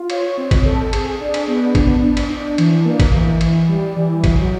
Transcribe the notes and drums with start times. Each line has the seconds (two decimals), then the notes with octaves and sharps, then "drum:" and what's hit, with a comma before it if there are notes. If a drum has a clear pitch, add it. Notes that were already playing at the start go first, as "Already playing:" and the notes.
Already playing: F4
0.10 C#5, drum: cymbal
0.38 C4
0.51 drum: kick, cymbal
0.66 A4
0.93 G#4, drum: cymbal
1.20 D4
1.34 drum: cymbal
1.48 B3
1.75 D4, drum: kick, cymbal
2.04 D4
2.17 drum: cymbal
2.30 D4
2.58 E3, drum: cymbal
2.85 A#3
3.00 drum: kick, cymbal
3.13 E3
3.41 E3, drum: cymbal
3.69 G3
3.97 E3
4.24 F#3, drum: kick, cymbal